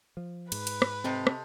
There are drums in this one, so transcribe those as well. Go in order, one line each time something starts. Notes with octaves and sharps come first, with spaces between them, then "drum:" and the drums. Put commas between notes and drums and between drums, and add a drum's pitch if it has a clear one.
F3
G#2 B4, drum: cymbal
drum: cymbal
drum: rim click
C3 C4 A4 D#5
drum: rim click